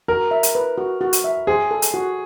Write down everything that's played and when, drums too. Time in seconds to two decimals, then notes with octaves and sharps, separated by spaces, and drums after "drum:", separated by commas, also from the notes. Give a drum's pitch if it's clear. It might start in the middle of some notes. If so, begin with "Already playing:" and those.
0.08 F#4 A#4
0.31 E5
0.43 drum: hi-hat
0.55 B4
0.78 F#4
1.01 F#4
1.13 drum: hi-hat
1.24 E5
1.47 G#4 C5
1.71 A4
1.82 drum: hi-hat
1.94 F#4